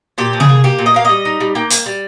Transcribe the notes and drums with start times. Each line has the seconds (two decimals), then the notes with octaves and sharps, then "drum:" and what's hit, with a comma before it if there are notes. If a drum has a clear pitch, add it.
0.18 A#2 G4
0.33 F3
0.40 G#4, drum: tom
0.49 A#3
0.64 A#3 G4
0.79 A#2
0.86 D#5
0.94 A#3 F5
1.05 G3 D#5
1.25 D#4
1.40 G3
1.55 A#3 G5
1.70 A#3, drum: hi-hat
1.86 G3